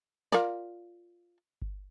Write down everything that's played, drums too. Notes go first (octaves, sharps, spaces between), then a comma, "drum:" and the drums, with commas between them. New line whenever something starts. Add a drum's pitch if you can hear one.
F4 A#4 D5, drum: snare
drum: kick G1